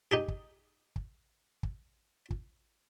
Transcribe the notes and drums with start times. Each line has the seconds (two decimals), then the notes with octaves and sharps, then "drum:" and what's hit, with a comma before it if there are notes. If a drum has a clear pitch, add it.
0.11 D#4 G4 G#4
0.28 drum: kick
0.96 drum: kick
1.63 drum: kick
2.30 drum: kick